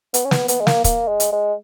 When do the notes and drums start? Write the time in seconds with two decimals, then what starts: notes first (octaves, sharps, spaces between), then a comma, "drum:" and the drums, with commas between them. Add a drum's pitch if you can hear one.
0.14 B3, drum: hi-hat
0.25 C#4
0.31 B3, drum: snare
0.48 B3, drum: hi-hat
0.60 G#3
0.67 A#3, drum: snare
0.84 A#3, drum: kick, hi-hat
1.08 G#3
1.20 drum: hi-hat
1.32 G#3